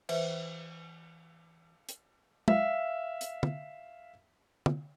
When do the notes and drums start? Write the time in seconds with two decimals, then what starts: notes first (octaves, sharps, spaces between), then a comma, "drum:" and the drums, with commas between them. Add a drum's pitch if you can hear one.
0.09 E3 B4 C5 E5, drum: cymbal
1.89 drum: hi-hat
2.48 E5 F5, drum: tom
3.21 drum: hi-hat
3.43 drum: tom
4.66 drum: tom